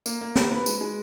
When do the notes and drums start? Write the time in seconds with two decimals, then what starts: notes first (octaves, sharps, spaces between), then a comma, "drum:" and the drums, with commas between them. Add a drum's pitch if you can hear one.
0.06 A#3, drum: tambourine
0.21 A#3
0.35 B4, drum: snare
0.51 B4
0.66 G#3, drum: tambourine
0.81 G#3